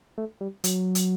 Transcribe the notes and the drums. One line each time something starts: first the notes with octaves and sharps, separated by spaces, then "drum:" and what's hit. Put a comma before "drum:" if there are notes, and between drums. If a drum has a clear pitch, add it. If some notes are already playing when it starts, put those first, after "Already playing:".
A3
G3
F#3, drum: hi-hat
drum: hi-hat